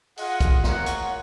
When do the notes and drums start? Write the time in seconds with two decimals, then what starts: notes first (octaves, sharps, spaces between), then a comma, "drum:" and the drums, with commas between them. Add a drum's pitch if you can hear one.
0.17 F4 G#4 D#5 F#5, drum: open hi-hat
0.40 drum: kick, hi-hat
0.64 F4 A#4 C#5 F#5, drum: snare
0.86 drum: hi-hat